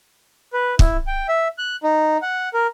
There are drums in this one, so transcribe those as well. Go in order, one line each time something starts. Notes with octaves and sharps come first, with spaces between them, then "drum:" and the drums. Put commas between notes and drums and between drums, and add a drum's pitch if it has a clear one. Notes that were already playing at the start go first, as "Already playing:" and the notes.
B4
E4, drum: kick
G5
E5
F#6
D#4
F#5
A#4